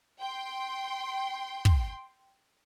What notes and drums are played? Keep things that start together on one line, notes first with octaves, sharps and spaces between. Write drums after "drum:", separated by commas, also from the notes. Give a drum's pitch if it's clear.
G5 C6
drum: kick